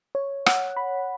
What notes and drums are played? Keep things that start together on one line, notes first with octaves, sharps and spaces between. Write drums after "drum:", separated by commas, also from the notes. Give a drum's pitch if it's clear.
C#5
F#5, drum: rim click
B5